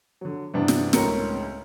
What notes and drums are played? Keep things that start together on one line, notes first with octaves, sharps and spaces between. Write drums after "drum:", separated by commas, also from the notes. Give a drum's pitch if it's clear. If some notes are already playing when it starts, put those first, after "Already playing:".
D3 F#3
G2 C3 E3 B3 D4
drum: snare
C#2 A2 C#4 A#4 C#7, drum: snare